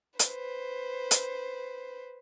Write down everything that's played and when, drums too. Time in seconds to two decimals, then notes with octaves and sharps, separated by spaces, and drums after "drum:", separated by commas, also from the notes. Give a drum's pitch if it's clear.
0.19 B4 C5, drum: hi-hat
1.11 drum: hi-hat